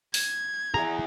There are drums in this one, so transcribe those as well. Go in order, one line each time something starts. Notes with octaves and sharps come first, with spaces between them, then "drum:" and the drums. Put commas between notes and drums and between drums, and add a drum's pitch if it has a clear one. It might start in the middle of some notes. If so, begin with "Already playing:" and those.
G#6, drum: open hi-hat
E4 G#4 A#5